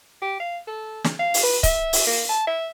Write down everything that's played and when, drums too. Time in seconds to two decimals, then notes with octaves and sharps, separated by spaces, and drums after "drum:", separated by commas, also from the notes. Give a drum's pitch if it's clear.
0.22 G4
0.40 F5
0.67 A4
1.05 drum: snare
1.19 F5
1.34 drum: open hi-hat
1.43 B4
1.63 E5, drum: kick C#1, hi-hat
1.93 drum: open hi-hat
2.07 A#3
2.29 A5
2.47 E5